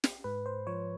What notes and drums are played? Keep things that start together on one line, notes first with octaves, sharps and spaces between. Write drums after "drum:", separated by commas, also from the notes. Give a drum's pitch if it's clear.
drum: snare
G#2 B4
C5
F3 C#5